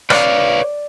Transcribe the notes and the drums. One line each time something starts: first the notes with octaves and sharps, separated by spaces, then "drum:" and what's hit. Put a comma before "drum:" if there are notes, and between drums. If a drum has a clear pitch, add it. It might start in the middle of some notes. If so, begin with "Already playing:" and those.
B4 C#5 D5 F5, drum: rim click